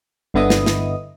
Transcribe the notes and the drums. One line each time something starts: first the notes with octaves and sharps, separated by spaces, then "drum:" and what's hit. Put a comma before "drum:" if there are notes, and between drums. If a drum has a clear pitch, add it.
G1 D3 B3 E4 D#5 D#6
drum: snare
drum: snare